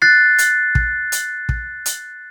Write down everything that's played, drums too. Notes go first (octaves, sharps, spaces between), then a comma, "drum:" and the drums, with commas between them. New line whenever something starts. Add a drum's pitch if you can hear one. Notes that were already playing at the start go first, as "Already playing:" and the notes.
F#6 A6 C7
drum: hi-hat
drum: kick
drum: hi-hat
drum: kick
drum: hi-hat